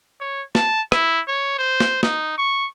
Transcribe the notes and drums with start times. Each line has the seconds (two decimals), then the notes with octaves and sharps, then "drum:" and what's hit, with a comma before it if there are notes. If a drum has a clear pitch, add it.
0.20 C#5
0.55 A5, drum: snare
0.92 E4, drum: rim click
1.28 C#5
1.58 C5
1.80 drum: snare
2.03 D#4, drum: snare
2.38 C#6